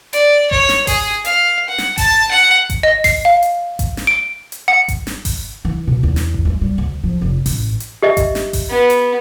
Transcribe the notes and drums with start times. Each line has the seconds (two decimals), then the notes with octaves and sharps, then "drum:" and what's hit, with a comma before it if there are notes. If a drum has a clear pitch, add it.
0.13 D5, drum: hi-hat
0.51 C#5, drum: kick G#1
0.69 drum: snare
0.87 G#4, drum: kick G#1, open hi-hat
1.25 F5, drum: hi-hat
1.69 F#5
1.78 drum: snare
1.98 A5, drum: kick G#1, open hi-hat
2.31 F#5
2.70 drum: kick G#1, hi-hat
2.83 D#5
3.04 C7, drum: kick G#1, open hi-hat
3.25 F5
3.43 drum: hi-hat
3.79 drum: kick G#1, hi-hat
3.97 drum: snare
4.07 D7
4.52 drum: hi-hat
4.68 F#5
4.88 drum: kick G#1, hi-hat
5.07 drum: snare
5.25 drum: kick G#1, open hi-hat
5.65 E3
5.87 B2
6.03 E2
6.16 drum: snare
6.34 drum: kick G#1
6.45 G#3
6.61 G3
6.78 D2
7.04 F3
7.22 F1
7.46 A1, drum: kick G#1, open hi-hat
7.80 drum: hi-hat
8.02 G4 D#5 E5
8.17 drum: kick G#1, hi-hat
8.35 drum: snare
8.53 drum: kick G#1, open hi-hat
8.70 B3
8.90 drum: hi-hat